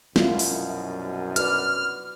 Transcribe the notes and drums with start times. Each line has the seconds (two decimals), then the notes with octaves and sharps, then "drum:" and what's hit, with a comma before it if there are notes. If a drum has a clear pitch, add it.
0.16 C2 F#2 B2 E4 F4, drum: snare
0.39 drum: open hi-hat
1.36 F#4 B4 D5 F6, drum: hi-hat